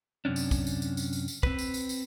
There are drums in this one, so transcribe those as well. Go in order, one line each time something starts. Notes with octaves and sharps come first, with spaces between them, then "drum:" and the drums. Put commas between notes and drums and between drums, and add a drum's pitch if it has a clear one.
F#2 C3 C#4 D4
drum: tambourine
drum: kick, tambourine
drum: tambourine
drum: tambourine
drum: tambourine
drum: tambourine
drum: tambourine
C4 B4, drum: kick
drum: tambourine
drum: tambourine
drum: tambourine